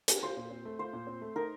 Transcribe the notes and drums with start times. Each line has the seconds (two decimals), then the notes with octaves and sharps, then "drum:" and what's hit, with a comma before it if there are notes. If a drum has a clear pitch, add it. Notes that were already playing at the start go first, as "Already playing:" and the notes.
0.08 drum: hi-hat
0.22 F4 C5
0.37 A#2
0.50 C4
0.65 A3
0.79 F4 C5
0.93 A#2
1.07 C4
1.21 A3
1.36 D#4 A#4